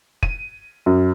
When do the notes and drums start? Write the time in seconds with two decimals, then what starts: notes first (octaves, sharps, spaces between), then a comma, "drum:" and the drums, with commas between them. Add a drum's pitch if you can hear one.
0.23 D#7, drum: kick
0.86 F#2